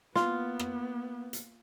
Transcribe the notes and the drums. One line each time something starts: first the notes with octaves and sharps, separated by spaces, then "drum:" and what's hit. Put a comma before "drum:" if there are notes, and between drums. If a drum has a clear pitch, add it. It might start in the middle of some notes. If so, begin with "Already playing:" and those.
A#3 B3 F4, drum: snare
drum: rim click
drum: hi-hat